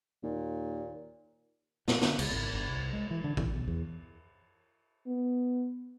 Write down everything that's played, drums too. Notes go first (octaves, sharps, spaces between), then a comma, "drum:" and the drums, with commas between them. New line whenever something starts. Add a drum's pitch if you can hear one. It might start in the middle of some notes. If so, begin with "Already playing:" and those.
D#2 A#2
A#2, drum: snare
D3, drum: snare
C#2, drum: cymbal
G#1
G1
C2
G#3
E3
D3
E3, drum: kick
B1
E2
B3